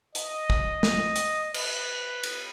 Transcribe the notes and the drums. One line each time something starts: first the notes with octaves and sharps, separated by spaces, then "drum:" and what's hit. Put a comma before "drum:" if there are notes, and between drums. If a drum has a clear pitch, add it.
D#5, drum: hi-hat
drum: kick
drum: snare
drum: hi-hat
B4, drum: cymbal
drum: cymbal